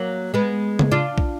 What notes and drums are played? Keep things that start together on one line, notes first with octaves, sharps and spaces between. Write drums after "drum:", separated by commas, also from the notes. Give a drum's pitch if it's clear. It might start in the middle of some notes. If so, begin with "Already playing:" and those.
Already playing: F#3 A#3
G#3 B3
drum: tom C#3
D4 F4
drum: kick